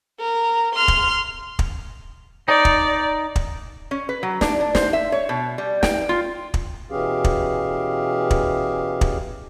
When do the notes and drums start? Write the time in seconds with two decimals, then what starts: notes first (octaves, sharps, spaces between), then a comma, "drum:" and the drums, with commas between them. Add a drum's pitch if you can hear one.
0.20 A#4
0.76 C6 F6
0.88 drum: kick
1.59 drum: kick
2.48 D#4 D5
2.65 drum: kick
3.36 drum: kick
3.91 C#4
4.09 B4
4.23 F#3
4.41 D4, drum: snare
4.61 D4
4.75 C5, drum: snare
4.93 E5
5.12 C#5
5.29 B2
5.58 G3
5.83 G5, drum: snare
6.09 F4
6.54 drum: kick
6.91 B2 E3 C#4 G4 G#4 F5
7.24 drum: kick
8.31 drum: kick
9.01 drum: kick